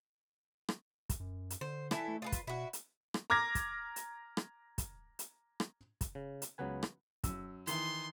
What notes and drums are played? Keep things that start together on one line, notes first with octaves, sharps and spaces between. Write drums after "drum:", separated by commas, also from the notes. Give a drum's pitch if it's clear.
drum: rim click
drum: kick, hi-hat
F#2
drum: hi-hat
D3 C5
E3 E4 A4, drum: rim click
A3
F4 G#4 B4
drum: kick, hi-hat
B2 E4 F#4
drum: hi-hat
drum: rim click
A#5 D6 F6 G#6 A#6
drum: kick, hi-hat
drum: hi-hat
drum: rim click
drum: kick, hi-hat
drum: hi-hat
drum: rim click
drum: kick, hi-hat
C#3
drum: hi-hat
C#2 C#3 F#3 B3 B4 G#5
drum: rim click
F#2 E6, drum: kick, hi-hat
D#3 E3 C6, drum: hi-hat